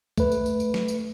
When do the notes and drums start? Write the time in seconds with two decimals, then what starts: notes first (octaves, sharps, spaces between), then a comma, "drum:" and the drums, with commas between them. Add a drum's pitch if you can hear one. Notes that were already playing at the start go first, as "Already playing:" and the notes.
0.17 A3 B4, drum: kick C2, tambourine
0.32 drum: tambourine
0.46 drum: tambourine
0.60 drum: tambourine
0.74 drum: snare
0.88 drum: tambourine